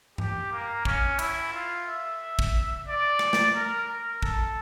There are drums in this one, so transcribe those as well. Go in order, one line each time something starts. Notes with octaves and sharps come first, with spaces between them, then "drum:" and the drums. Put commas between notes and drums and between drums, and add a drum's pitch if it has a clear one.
G4, drum: tom
A#3
C#4, drum: kick
E4, drum: cymbal
F4
E5
drum: kick
D5
drum: rim click
drum: snare
A#4
A#4
A4, drum: kick